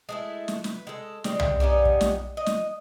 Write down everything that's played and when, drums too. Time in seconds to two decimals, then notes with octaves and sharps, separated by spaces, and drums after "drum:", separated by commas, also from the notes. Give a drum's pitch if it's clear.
0.09 G#3 A3 E4
0.48 drum: snare
0.64 B4, drum: snare
0.87 G#3 A4
1.24 G3 G#3 C4, drum: snare
1.40 drum: tom
1.60 G3 B3 C#4 D#4
1.85 drum: kick
2.01 drum: snare
2.37 D#5
2.46 drum: snare